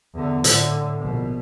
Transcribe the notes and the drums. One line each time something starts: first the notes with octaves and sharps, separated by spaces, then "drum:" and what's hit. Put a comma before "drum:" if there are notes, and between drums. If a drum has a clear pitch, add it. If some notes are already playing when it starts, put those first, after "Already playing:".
E2 D3
A2 D3, drum: hi-hat
A#1 B2